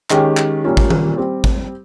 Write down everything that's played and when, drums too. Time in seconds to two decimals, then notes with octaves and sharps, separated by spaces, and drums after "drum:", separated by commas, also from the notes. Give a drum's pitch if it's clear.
0.10 D#3 G#3 C#4 G4, drum: clap
0.37 drum: clap
0.64 A#2 G3 A#3 C#4 F4
0.77 drum: kick
0.90 drum: tom D#3
1.17 G3 C4 G4
1.44 drum: kick